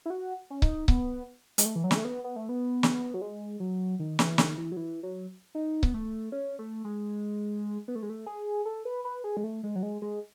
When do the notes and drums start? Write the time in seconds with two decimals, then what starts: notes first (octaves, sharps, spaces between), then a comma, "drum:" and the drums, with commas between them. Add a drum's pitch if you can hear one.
0.06 E4
0.10 F#4
0.50 C#4
0.62 D#4, drum: kick C#1
0.88 B3, drum: kick C#1
1.58 G#3, drum: hi-hat
1.66 A3
1.76 E3
1.84 F#3
1.91 G#3, drum: snare
1.97 A3
2.05 B3
2.24 B3
2.36 A3
2.49 B3
2.83 drum: snare
3.14 F#3
3.21 G#3
3.60 F#3
3.99 D#3
4.19 E3, drum: snare
4.38 D#3, drum: snare
4.58 E3
4.72 F#3
4.77 E3
5.03 F#3
5.55 D#4
5.83 B3, drum: kick C#1
5.94 A3
6.32 C#4
6.59 A3
6.85 G#3
7.88 B3
7.95 A3
8.03 G#3
8.10 A3
8.27 G#4
8.66 A4
8.85 B4
9.05 B4
9.24 G#4
9.37 G#3
9.44 A3
9.63 G#3
9.75 F#3
9.83 G#3
10.02 G#3